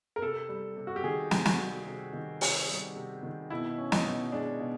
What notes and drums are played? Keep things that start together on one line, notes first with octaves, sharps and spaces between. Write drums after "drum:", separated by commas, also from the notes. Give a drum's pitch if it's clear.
A#4
C3 A4
G3
C3
F#4
G4
D#3 G#4
C3, drum: snare
F#4, drum: snare
G3
C3
D#3
C3, drum: open hi-hat
G3
C3
D#3
B2 E4
C#4
D#4, drum: snare
B2
G#3 D4
B2